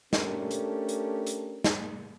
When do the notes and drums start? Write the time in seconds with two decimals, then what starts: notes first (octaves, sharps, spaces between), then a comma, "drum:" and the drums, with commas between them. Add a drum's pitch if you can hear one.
0.13 A3 C#4 D4 G4 A4 A#4, drum: snare
0.51 drum: hi-hat
0.89 drum: hi-hat
1.27 drum: hi-hat
1.64 drum: snare